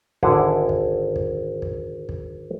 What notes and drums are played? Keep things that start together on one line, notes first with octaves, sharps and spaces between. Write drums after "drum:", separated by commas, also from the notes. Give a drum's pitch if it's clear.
G#1 D3 D4 E4 G#4 F#5, drum: kick
drum: kick
drum: kick
drum: kick
drum: kick